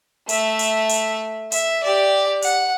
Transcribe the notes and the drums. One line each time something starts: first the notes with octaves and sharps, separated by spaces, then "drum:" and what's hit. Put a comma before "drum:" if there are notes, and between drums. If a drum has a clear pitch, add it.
A3 E5, drum: hi-hat
drum: hi-hat
drum: hi-hat
E5, drum: hi-hat
G4 D5
F#5, drum: hi-hat